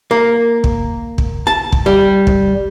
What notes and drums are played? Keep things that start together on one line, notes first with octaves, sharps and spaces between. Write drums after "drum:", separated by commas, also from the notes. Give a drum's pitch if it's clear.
A#3
drum: kick
drum: kick
A5
drum: kick
G3
drum: kick